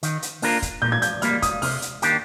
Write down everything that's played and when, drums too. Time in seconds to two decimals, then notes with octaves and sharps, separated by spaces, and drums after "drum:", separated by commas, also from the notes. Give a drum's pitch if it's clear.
0.03 D#3, drum: hi-hat
0.22 drum: hi-hat
0.42 A#3 D4 F4 A#4, drum: open hi-hat
0.62 drum: kick, hi-hat
0.82 A#2 G6
0.92 G#6
1.02 G6, drum: hi-hat
1.22 G3 A#3 F6, drum: hi-hat
1.42 D#6, drum: kick, hi-hat
1.62 C3 F6, drum: open hi-hat
1.82 drum: hi-hat
2.02 D#3 A#3 D4 G4, drum: hi-hat